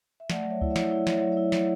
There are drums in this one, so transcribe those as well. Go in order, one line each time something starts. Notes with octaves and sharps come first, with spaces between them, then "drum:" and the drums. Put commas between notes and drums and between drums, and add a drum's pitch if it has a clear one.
E5
A3 D5 F#5, drum: snare
F#3
C#5 E5
E4, drum: kick C#2
C#5 E5
E4, drum: snare
E4 C#5 E5
E4, drum: snare
C#5 E5
F#3
C#5 E5
E4
E4, drum: snare